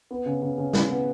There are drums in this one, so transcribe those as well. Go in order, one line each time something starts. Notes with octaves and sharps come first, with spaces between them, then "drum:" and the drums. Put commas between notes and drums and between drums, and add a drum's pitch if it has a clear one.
B3
C#3
C#3
C#3
C#3, drum: snare
B3